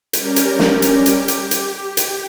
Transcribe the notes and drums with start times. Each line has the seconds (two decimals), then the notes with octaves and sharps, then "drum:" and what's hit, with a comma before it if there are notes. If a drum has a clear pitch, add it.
0.13 G3 C#4 G4 A#4, drum: hi-hat
0.36 drum: hi-hat
0.59 drum: snare
0.82 drum: hi-hat
1.06 G4, drum: hi-hat
1.28 drum: hi-hat
1.51 drum: hi-hat
1.97 drum: hi-hat